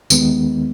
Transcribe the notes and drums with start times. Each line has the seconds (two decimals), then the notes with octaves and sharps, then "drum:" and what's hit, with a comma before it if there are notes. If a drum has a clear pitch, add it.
0.10 D#2 D#3 G#3 B3, drum: tambourine